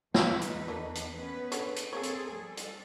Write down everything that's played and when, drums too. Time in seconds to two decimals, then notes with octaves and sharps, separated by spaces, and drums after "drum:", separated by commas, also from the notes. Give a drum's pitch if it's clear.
0.14 E2 D#4 B4, drum: snare
0.41 drum: hi-hat
0.68 A3 A#3 D4
0.95 drum: hi-hat
1.16 B3 C#4 B4
1.52 D3 G#3 C#5, drum: hi-hat
1.76 drum: hi-hat
1.93 A#3 C4 G#4 A4 C5 C#5
2.03 drum: hi-hat
2.35 G3 A4
2.57 drum: hi-hat